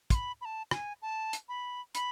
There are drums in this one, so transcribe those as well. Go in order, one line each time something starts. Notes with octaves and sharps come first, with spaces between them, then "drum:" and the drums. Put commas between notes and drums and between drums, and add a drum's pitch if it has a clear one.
C6, drum: kick, hi-hat
B5
B5
A5
G#5, drum: rim click
A5
drum: hi-hat
B5
B5, drum: hi-hat